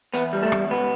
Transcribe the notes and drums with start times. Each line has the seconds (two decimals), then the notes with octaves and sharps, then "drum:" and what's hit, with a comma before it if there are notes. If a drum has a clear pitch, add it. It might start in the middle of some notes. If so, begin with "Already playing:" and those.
0.14 E2 B3, drum: hi-hat
0.33 G3
0.43 A3
0.52 E2, drum: rim click
0.70 C#2 B3